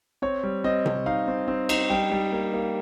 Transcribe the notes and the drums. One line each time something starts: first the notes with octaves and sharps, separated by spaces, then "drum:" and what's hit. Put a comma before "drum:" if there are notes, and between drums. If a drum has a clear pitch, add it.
C4 C#5
G3
C4 D#5
C4, drum: tom C3
D#4 F5
C4
C4
D#4, drum: cymbal
G3 G5
G3
A#3
A#3